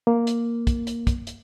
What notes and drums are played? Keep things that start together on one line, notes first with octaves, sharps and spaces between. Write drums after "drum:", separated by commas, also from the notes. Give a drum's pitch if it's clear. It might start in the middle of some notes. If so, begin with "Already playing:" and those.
A#3
drum: hi-hat
drum: kick, hi-hat
drum: hi-hat
drum: kick, hi-hat
drum: hi-hat